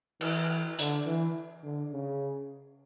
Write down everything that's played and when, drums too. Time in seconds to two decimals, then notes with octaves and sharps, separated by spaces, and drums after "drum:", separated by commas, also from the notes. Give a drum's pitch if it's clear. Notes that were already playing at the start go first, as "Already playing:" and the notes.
0.21 E3, drum: cymbal
0.79 D3, drum: hi-hat
1.06 E3
1.63 D3
1.92 C#3